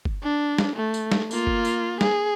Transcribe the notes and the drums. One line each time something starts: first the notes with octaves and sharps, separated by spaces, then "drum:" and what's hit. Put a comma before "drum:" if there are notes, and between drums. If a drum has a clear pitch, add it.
drum: kick F#1
D4
drum: snare
A3
drum: tambourine
drum: snare
A#3 F4, drum: tambourine
drum: kick F#1
drum: tambourine
G#4, drum: snare